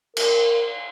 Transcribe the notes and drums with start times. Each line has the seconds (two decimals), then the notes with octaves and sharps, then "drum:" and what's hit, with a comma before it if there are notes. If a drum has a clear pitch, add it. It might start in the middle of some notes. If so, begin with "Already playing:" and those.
0.17 A#4, drum: cymbal